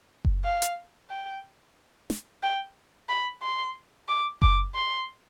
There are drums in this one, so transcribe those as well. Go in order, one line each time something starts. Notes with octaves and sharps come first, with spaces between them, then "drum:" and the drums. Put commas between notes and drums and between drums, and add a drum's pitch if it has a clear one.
drum: kick F#1
F5
drum: hi-hat
G5
drum: snare
G5
B5
C6
D6
D6, drum: kick F#1
C6